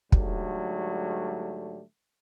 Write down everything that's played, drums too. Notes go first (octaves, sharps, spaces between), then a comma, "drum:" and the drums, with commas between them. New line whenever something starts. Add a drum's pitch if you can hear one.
G#2 D3 F#3 G3 A3, drum: kick